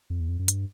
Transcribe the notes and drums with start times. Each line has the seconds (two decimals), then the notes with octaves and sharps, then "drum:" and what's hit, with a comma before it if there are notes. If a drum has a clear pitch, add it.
0.10 F2
0.20 E2
0.29 F2
0.39 F#2
0.48 G2, drum: hi-hat